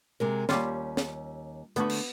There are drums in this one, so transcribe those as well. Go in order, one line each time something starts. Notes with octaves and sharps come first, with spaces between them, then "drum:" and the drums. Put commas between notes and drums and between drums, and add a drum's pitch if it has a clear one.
C3 G#3 A#4
D#2 G3 C#4 F4, drum: snare
drum: snare
D3 A3 B3 F#4, drum: hi-hat
drum: cymbal